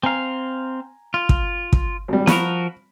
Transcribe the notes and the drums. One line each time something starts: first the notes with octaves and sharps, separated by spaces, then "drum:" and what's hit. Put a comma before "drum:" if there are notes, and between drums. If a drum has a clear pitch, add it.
C4 F5 G#5 A#5
F4
drum: kick
drum: kick
G#1 G3
F3 F#4 A#4 B5, drum: snare